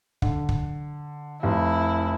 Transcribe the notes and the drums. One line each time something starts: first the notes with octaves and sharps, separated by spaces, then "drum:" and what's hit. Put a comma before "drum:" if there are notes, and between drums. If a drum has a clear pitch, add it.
D3, drum: kick
drum: kick
F1 E4